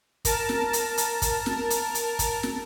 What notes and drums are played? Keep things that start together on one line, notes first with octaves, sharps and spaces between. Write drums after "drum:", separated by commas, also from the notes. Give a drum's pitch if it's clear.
A#4 A5, drum: kick, hi-hat
drum: snare
drum: hi-hat
drum: hi-hat
drum: kick, hi-hat
drum: snare
drum: hi-hat
drum: hi-hat
drum: kick, hi-hat
drum: snare